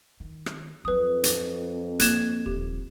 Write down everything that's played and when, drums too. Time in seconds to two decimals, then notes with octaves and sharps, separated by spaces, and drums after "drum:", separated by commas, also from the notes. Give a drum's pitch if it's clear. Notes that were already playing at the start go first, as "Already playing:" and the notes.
0.20 D#3
0.46 drum: rim click
0.85 F2 F#3 F4 B4 D#6
1.24 drum: hi-hat
1.99 A#3 F#6 G#6 E7, drum: hi-hat
2.46 D#1 G4